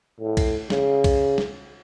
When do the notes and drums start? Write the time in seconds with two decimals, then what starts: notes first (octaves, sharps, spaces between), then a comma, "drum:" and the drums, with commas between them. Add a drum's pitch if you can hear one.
0.21 A2
0.37 drum: kick B1, cymbal
0.70 C#3, drum: snare
1.04 drum: kick B1, cymbal
1.38 drum: snare